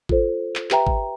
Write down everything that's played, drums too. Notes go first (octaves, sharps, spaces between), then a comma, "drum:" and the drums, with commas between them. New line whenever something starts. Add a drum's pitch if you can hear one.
F4 A4 C5, drum: kick
drum: clap
G4 B4 E5 G5 A#5, drum: clap
drum: kick